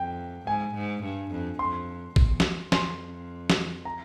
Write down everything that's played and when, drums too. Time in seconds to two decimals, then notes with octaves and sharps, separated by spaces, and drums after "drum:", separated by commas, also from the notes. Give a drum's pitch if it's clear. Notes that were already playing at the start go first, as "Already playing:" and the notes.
Already playing: F2 G5
0.47 G#2 G#5
0.75 G#2
1.03 G2
1.31 F2
1.59 F2 C6
2.16 E2, drum: kick
2.40 drum: snare
2.72 F2 C6, drum: snare
3.50 drum: snare
3.85 A#5